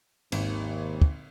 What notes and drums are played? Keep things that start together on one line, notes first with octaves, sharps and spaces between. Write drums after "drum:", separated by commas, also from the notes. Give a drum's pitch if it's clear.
G#1 D#2, drum: cymbal
drum: kick